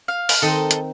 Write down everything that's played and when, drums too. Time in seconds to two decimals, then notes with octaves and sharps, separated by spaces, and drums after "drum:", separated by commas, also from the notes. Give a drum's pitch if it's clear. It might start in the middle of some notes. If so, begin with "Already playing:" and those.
0.08 F5
0.29 drum: open hi-hat
0.42 D#3 C4 D#4 A4 D#5
0.71 drum: hi-hat